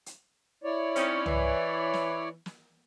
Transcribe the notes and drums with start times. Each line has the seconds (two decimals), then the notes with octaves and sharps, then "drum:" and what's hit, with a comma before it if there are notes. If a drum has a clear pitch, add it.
0.06 drum: hi-hat
0.64 E4 C#5 D5
0.96 C4 C#4 D#4, drum: hi-hat
1.26 E3, drum: tom
1.94 drum: snare
2.46 drum: snare